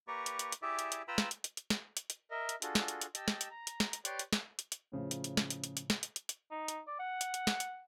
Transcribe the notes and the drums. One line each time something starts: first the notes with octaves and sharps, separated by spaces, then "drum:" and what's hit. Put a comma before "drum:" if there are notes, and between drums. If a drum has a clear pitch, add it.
A#3 G4 B4 D5 A#5 C#6
drum: hi-hat
drum: hi-hat
drum: hi-hat
E4 G4 G#4 D5 E5
drum: hi-hat
drum: hi-hat
F4 B4 G5 A#5 B5 E6
drum: snare
drum: hi-hat
drum: hi-hat
drum: hi-hat
drum: snare
drum: hi-hat
drum: hi-hat
A#4 D#5 E5
drum: hi-hat
D4 F4 F#4 G#4 A4, drum: hi-hat
drum: snare
drum: hi-hat
drum: hi-hat
G4 D#5 A5 E6, drum: hi-hat
drum: snare
drum: hi-hat
A#5
drum: hi-hat
drum: snare
drum: hi-hat
G4 B4 C#5 D5 C6 D6, drum: hi-hat
drum: hi-hat
drum: snare
drum: hi-hat
drum: hi-hat
A2 C#3 F3
drum: hi-hat
drum: hi-hat
drum: snare
drum: hi-hat
drum: hi-hat
drum: hi-hat
drum: snare
drum: hi-hat
drum: hi-hat
drum: hi-hat
D#4
drum: hi-hat
D5
F#5
drum: hi-hat
drum: hi-hat
drum: snare
drum: hi-hat